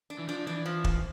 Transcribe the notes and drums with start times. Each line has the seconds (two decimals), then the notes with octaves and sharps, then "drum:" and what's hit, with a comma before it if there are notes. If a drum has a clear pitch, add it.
0.10 D4
0.19 E3
0.28 F3 D4
0.47 E3 D4
0.66 F3
0.84 drum: kick